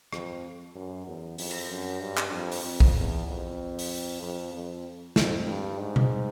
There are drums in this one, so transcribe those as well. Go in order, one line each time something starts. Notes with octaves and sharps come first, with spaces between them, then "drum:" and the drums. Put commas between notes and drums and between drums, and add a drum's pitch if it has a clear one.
F2, drum: rim click
F#2
E2
F2, drum: open hi-hat
drum: cymbal
F#2
G2
drum: clap
F2
drum: open hi-hat
F2
drum: kick A#1
E2
F2
drum: open hi-hat
F2
F2
F2, drum: snare
G2
G#2
drum: tom B2